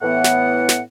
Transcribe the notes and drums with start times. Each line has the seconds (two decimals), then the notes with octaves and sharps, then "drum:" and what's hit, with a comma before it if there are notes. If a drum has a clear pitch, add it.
0.02 A2 E3 B3 F#5
0.24 drum: snare
0.69 drum: snare